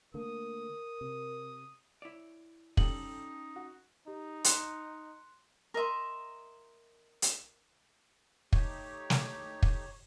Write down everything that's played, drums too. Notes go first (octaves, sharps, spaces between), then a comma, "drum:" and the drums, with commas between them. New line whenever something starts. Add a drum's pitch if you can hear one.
D3 A3 A#3 A#4 D#6
C3
E4 C#5 D5
G3 C#4 D#4 G4 A4 F#7, drum: kick
F#4
D#4 G4
C6 F#6 C#7, drum: hi-hat
A#4 D#5 E5 C6
drum: hi-hat
A3 D#4 G4 C#5, drum: kick
drum: snare
drum: kick